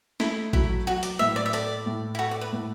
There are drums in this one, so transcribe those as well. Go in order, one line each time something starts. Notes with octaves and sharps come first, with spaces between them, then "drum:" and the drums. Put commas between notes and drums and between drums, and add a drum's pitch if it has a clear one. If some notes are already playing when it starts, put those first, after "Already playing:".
A3 E4, drum: snare
F#3 E4, drum: kick A1
F#3 F#4
D5, drum: hi-hat
A2 E5
D5
E5
A4 D5, drum: hi-hat
A2
E4
F#4 A4
D5
B4
A2